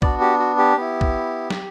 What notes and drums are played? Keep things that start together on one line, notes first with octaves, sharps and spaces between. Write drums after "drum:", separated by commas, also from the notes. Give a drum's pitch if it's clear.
B3 D4 F#4 D5, drum: kick
G4
F#4
G4
B3 E4
drum: kick
drum: snare